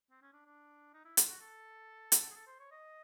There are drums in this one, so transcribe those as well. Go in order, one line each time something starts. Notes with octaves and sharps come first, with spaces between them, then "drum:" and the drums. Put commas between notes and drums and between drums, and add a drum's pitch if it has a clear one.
C4
C#4
D4
D4
D#4
E4
F4, drum: hi-hat
F#4
A4
drum: hi-hat
G#4
A4
C5
C#5
D#5